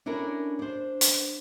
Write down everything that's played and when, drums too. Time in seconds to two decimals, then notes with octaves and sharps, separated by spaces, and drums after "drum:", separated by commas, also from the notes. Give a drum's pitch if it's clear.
0.06 C#4 D4 E4 A4 A#4
0.59 D4 C5
1.01 drum: hi-hat